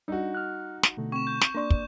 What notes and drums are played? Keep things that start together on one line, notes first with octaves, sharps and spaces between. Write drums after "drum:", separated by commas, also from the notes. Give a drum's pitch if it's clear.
G3 D4 D#4 F#4
F6 F#6
drum: snare
B2 D3 A3
C4 C#6 E7
G6
drum: snare
A#3 D4 D5 C6 C#6
drum: kick